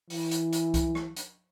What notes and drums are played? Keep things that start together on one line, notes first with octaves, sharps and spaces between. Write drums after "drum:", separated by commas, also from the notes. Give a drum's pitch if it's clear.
E3, drum: open hi-hat
drum: hi-hat
drum: hi-hat
drum: kick C2, hi-hat
drum: rim click
drum: hi-hat